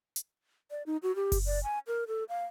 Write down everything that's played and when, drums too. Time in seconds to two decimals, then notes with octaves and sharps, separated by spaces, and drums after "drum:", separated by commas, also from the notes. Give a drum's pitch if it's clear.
0.16 drum: hi-hat
0.71 D5
0.86 D#4
1.03 F#4
1.16 G4
1.32 drum: kick F#1, open hi-hat
1.46 D5
1.64 G#5
1.87 A#4
2.08 A4
2.29 F5